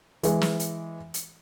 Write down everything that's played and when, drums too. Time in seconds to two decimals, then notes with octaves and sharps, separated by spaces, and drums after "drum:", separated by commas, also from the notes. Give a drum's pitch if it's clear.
0.23 E3 G#3, drum: hi-hat
0.41 drum: snare
0.60 drum: hi-hat
1.14 drum: hi-hat